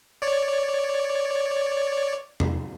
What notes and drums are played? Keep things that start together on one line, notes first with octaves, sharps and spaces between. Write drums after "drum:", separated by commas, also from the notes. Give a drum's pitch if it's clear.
C#5 D5
drum: tom E2